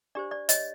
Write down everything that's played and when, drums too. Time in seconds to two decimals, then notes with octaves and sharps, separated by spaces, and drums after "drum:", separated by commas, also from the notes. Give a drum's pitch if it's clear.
0.15 D4 G4 C5 D5
0.31 D5
0.49 C#5 D#5, drum: hi-hat